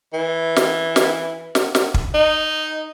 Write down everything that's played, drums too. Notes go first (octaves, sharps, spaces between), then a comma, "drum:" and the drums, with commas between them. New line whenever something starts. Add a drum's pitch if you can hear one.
E3
drum: snare
drum: snare
drum: snare
drum: snare
drum: kick
D#4